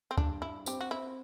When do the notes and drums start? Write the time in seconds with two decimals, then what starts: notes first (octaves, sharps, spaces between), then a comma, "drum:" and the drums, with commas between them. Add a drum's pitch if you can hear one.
0.11 C4
0.17 G2 D4, drum: kick
0.42 G2 E4
0.66 C4 G4, drum: tambourine
0.81 F#4
0.91 C4 E4